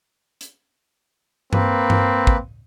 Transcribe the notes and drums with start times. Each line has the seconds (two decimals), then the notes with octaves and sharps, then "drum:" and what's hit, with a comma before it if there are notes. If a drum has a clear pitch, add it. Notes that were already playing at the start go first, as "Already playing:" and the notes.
0.41 drum: hi-hat
1.53 A#3 C4 B4, drum: tom G2
1.90 drum: tom G2
2.27 drum: kick